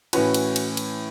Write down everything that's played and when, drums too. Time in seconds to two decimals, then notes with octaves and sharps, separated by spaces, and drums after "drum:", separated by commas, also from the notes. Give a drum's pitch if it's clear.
0.13 A2 E3 C#4 F#4 B4, drum: cymbal
0.34 drum: cymbal
0.56 drum: cymbal
0.77 drum: cymbal